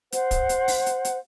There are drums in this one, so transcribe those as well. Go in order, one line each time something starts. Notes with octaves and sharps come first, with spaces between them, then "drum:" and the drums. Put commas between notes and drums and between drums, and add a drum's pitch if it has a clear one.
C5 F#5, drum: hi-hat
drum: kick, hi-hat
drum: hi-hat
drum: open hi-hat
drum: hi-hat
drum: hi-hat